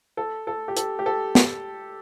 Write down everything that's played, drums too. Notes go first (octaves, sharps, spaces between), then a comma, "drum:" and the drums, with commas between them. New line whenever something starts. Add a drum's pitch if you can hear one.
A4
A4
G4
A4, drum: hi-hat
G4
A4
drum: snare